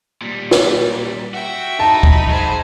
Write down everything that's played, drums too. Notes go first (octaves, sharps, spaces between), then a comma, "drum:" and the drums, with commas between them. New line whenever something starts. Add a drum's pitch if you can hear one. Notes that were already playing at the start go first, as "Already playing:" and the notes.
A#2 G3
drum: snare
F#4 E5 G5
D#4 A5 B5
drum: kick
G#2 G#4 C5